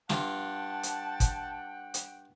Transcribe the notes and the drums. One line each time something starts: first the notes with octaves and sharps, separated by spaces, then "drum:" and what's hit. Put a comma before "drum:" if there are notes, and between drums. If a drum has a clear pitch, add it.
G2 F4 F#5 G5 A5, drum: snare
drum: hi-hat
drum: kick, hi-hat
drum: hi-hat